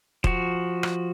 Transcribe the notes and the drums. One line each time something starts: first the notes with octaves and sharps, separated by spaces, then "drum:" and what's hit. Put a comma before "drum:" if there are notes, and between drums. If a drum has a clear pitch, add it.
F3 F#4, drum: kick E1
drum: rim click